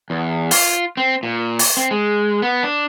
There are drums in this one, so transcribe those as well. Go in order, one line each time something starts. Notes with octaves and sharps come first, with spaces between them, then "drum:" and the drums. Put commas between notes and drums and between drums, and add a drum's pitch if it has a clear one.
E2
F4, drum: open hi-hat
C4
A#2
drum: open hi-hat
C4
G#3
B3
D4